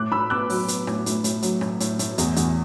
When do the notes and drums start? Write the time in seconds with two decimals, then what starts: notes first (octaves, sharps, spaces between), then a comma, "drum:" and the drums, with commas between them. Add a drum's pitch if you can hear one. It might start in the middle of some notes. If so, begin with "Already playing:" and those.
Already playing: A2 D6 F#6
0.12 A2 B5 E6
0.30 B3 D6 F#6
0.50 F#3, drum: open hi-hat
0.68 B3, drum: hi-hat
0.87 A2, drum: rim click
1.06 A2, drum: hi-hat
1.24 A2, drum: hi-hat
1.42 F#3, drum: hi-hat
1.61 A2, drum: rim click
1.80 A2, drum: hi-hat
1.99 A2, drum: hi-hat
2.18 E2, drum: hi-hat
2.36 E2, drum: hi-hat